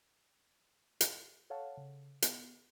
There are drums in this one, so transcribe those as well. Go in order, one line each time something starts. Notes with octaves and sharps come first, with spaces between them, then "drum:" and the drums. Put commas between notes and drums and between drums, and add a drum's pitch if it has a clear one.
drum: hi-hat
A4 C#5 F5 F#5 A5
C#3
B3, drum: hi-hat